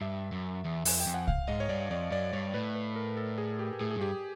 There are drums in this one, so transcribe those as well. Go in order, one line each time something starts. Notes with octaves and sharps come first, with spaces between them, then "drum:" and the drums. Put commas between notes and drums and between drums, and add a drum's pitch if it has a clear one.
G2 E5
F#2
E2
F2 G#5, drum: open hi-hat
G5
F2
F#5
F5, drum: kick C2
G#2 D#5
C#5
G2 D5
F2 D5
F#2 D5
G2 C#5
A2 B4
B4
A#4
A4
G#4
G4
G4
A2 G#4
G#4
G2
G4